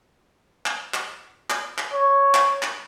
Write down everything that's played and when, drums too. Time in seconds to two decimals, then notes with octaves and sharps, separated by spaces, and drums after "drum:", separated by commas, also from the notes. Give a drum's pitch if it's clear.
0.66 drum: clap
0.94 drum: clap
1.50 drum: clap
1.78 drum: clap
1.92 C#5
2.34 drum: clap
2.62 drum: clap